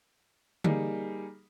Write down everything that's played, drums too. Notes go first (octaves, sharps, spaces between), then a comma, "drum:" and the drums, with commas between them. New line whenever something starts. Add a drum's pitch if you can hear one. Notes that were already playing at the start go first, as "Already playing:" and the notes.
G3 A#3 D#4 G#4, drum: tom D3